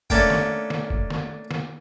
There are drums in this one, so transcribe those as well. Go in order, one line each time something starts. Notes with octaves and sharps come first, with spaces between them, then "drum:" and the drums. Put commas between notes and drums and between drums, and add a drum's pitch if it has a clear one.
A3 A#3 C#4 D4 F5 G5, drum: kick
drum: snare
drum: snare
drum: kick
drum: snare
drum: snare